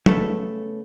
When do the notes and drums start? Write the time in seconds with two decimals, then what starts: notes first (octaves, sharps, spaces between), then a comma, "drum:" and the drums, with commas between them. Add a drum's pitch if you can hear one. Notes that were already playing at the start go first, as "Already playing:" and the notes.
0.06 C#3 A3 B3 A4, drum: tom F#3